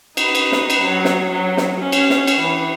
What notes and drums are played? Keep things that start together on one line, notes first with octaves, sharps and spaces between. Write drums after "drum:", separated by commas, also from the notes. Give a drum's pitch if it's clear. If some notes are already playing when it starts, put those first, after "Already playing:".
D#4 B4, drum: cymbal
drum: cymbal
drum: snare
drum: cymbal
F#3
drum: snare
F#3
drum: snare
C#4
drum: cymbal
drum: snare
drum: cymbal
E3